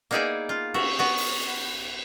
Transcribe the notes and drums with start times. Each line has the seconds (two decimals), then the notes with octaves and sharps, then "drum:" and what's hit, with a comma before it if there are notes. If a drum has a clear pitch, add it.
0.11 A#3 B3 D#4 E4 G#4 D5
0.49 F4
0.74 F#4 E5, drum: cymbal
0.99 B3 F#4
1.17 drum: open hi-hat